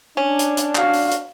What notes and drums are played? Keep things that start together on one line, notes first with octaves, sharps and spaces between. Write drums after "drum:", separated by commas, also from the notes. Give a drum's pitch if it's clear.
C#4 D4
drum: hi-hat
drum: hi-hat
F#4 F5, drum: clap
drum: open hi-hat
drum: hi-hat